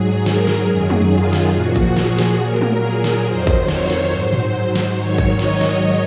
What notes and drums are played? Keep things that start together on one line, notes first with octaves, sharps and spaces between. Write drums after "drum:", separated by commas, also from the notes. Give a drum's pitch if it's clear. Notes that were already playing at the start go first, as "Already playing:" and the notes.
Already playing: G#2 F#3 G#4
A#4, drum: snare
drum: snare
F#2 D#3 F#3 G#4
drum: tom G#3
F4
drum: snare
A#2 F3 F#4
drum: kick
G#4, drum: snare
drum: snare
A#2 F#3 A#4
drum: tom G#3
G#4
drum: snare
F2 D#3 F#3 C5
drum: kick
C#5, drum: snare
drum: snare
G#2 F#3 C5
drum: tom A2
C5
drum: snare
G#2 D#3 F#3 C#5
drum: kick
D#5, drum: snare
drum: snare